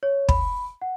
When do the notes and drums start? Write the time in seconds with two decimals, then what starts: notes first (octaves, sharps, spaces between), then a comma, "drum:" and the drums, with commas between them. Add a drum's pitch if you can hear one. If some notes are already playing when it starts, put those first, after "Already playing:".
0.03 C#5
0.29 B5, drum: kick
0.82 F#5